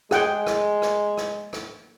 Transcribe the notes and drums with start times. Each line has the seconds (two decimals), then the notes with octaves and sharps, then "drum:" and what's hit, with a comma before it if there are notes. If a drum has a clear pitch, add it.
0.11 G#3 G#4 F#5 G5, drum: rim click
0.47 drum: rim click
0.82 drum: rim click
1.17 drum: rim click
1.53 drum: rim click